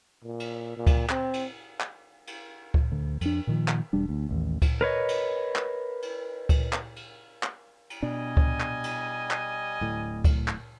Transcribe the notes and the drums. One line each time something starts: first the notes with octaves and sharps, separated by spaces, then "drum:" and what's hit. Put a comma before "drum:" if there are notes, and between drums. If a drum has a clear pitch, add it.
A#2
drum: cymbal
A#2
drum: kick C#2, cymbal
C4, drum: clap
drum: cymbal
drum: clap
drum: cymbal
drum: kick C#2
D2
F2 D4, drum: cymbal
A#2 D#3 F3
drum: clap
E1 G3 D4
D2
A1 D#2
drum: kick C#2, cymbal
A#4 B4 C#5 D#5
drum: cymbal
drum: clap
drum: cymbal
drum: kick C#2, cymbal
drum: clap
drum: cymbal
drum: clap
drum: cymbal
B2 G3 D4 D#5 G#5
drum: kick C#2
drum: clap
drum: cymbal
drum: clap
D1 A2
drum: kick C#2, cymbal
drum: clap